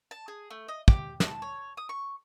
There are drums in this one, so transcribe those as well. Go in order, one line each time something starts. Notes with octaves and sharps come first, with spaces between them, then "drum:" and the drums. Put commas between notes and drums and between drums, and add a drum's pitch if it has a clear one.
A5
G#4
A3
D#5
G4, drum: kick
A5, drum: snare
C#5
D#6
C#6